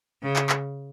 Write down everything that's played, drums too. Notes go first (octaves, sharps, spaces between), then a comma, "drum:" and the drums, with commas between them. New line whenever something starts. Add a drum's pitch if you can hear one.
C#3
drum: clap
drum: clap